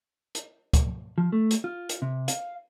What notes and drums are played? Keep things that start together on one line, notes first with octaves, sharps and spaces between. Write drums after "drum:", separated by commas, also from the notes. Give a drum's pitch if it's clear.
drum: hi-hat
drum: kick C#2, hi-hat
F3
A3
drum: hi-hat
F4
drum: hi-hat
C3
F5, drum: hi-hat